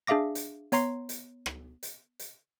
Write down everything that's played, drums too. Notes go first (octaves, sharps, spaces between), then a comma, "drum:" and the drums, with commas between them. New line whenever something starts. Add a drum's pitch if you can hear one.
D4 G#4 E5 F5 D6 A#6
drum: hi-hat
B3 C#5 A#5 C6 C7, drum: hi-hat
drum: hi-hat
drum: rim click
drum: hi-hat
drum: hi-hat